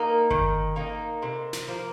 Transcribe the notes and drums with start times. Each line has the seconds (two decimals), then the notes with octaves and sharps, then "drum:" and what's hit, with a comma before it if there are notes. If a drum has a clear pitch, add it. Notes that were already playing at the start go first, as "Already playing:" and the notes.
Already playing: A#3 D#4 A#4
0.31 D#3, drum: kick G1
0.76 A#3 D#4
1.22 C3
1.53 drum: snare
1.68 F3 A#3